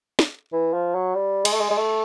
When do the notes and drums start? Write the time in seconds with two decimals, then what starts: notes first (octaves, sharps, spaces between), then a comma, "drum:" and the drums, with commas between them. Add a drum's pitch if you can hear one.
0.19 drum: snare
0.53 E3
0.73 F3
0.94 F#3
1.15 G3
1.45 G#3, drum: cymbal
1.53 A3
1.60 G#3
1.71 G#3
1.77 A3